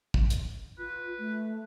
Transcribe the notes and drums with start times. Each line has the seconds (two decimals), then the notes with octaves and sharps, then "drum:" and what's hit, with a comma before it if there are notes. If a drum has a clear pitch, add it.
0.14 drum: kick
0.30 drum: hi-hat
0.79 F4 B4
1.19 A3